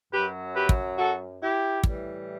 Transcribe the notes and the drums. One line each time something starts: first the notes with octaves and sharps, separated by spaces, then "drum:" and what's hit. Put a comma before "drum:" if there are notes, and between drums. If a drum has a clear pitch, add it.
F#2 F#3 G4 B4
G4 B4
drum: kick
F#4 A4
E4 G4
A2 E3 G3, drum: kick